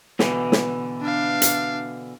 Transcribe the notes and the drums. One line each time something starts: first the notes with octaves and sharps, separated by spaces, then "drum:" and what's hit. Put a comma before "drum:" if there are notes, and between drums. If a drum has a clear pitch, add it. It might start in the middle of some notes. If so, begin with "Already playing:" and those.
B2 D3 E3, drum: snare
drum: snare
D4 F5
drum: hi-hat